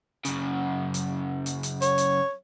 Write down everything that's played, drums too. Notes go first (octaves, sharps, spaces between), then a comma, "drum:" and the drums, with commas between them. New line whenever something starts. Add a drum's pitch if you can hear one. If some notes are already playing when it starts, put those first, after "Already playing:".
F#2 C#3, drum: hi-hat
drum: hi-hat
drum: hi-hat
drum: hi-hat
C#5, drum: hi-hat
drum: hi-hat